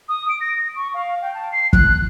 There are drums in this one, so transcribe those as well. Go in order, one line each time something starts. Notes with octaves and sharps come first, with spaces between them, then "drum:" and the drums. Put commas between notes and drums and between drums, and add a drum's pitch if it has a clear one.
D#6
D7
A#6
C#6
F5
G5
A5
C7
F#6, drum: kick